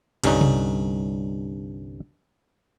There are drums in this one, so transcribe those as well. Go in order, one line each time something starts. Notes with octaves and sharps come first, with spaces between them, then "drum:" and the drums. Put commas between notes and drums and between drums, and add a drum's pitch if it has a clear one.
C2 G2 D3 C#4 D#4, drum: cymbal
drum: tom C3